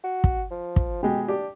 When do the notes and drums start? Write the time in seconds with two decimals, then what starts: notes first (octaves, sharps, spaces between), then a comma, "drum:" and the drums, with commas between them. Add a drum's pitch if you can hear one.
0.04 F#4
0.24 drum: kick
0.51 F3
0.76 drum: kick
1.03 B2 G#3 G4
1.28 D4 G4